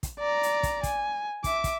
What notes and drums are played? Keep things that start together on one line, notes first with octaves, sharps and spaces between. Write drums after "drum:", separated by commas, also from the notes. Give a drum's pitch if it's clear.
drum: kick, hi-hat
D5 A#5
drum: hi-hat
drum: kick, hi-hat
G#5, drum: kick, hi-hat
E5 D6, drum: kick, hi-hat
drum: kick, hi-hat